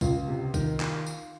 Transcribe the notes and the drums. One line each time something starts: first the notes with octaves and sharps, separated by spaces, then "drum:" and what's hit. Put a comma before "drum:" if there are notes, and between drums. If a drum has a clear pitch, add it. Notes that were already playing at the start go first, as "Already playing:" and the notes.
C#2 F4, drum: kick, tambourine
C3
D#3, drum: kick, tambourine
drum: clap
drum: tambourine